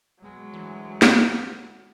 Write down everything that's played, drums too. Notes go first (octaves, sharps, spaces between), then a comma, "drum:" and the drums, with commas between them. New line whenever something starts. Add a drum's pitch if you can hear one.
B2 F#3 G#3
D2 E3
drum: snare